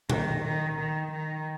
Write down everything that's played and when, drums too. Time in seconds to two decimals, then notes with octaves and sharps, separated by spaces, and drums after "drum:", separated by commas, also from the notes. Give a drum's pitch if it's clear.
0.10 D#3, drum: tom A#2
0.44 D#3
0.78 D#3
1.12 D#3